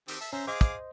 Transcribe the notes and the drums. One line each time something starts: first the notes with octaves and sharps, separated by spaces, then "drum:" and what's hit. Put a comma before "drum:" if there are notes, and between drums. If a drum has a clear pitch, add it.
D#3 C4 G4, drum: open hi-hat
E5 A5
C#4 C5 E5 A#5
G#4 C5 D#5 F5 D6
drum: kick, hi-hat